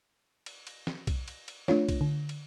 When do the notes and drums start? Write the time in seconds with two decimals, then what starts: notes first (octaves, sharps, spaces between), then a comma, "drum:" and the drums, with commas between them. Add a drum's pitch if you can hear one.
0.46 drum: cymbal
0.67 drum: cymbal
0.87 drum: snare
1.07 drum: kick B1, cymbal
1.28 drum: cymbal
1.48 drum: cymbal
1.68 A3 D4 F4 C#5, drum: snare
1.89 drum: kick B1, cymbal
2.01 D3
2.29 drum: cymbal